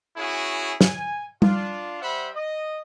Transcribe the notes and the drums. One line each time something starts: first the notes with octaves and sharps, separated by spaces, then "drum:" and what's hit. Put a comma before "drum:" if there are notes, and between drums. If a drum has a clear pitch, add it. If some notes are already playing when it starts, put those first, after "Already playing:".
B3 C#4 E4 F#4 G#4
G#5, drum: snare
D4 F4, drum: tom G3
G3 C5 E5 F#5 B5
D#5